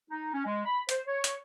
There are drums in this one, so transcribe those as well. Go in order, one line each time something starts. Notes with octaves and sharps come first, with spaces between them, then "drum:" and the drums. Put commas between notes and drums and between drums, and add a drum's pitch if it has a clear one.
D#4
C#4
G#3
B5
C5, drum: hi-hat
C#5
drum: hi-hat